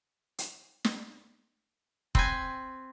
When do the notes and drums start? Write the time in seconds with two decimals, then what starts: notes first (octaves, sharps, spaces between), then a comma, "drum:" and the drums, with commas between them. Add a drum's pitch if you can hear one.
0.38 drum: hi-hat
0.85 drum: snare
2.15 C4 B4 G#5, drum: kick